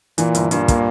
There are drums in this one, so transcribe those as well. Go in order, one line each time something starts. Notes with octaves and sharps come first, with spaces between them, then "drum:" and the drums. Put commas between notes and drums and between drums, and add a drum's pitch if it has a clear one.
A#2 E3, drum: hi-hat
G1, drum: hi-hat
G2 A#2, drum: hi-hat
A#3, drum: kick, hi-hat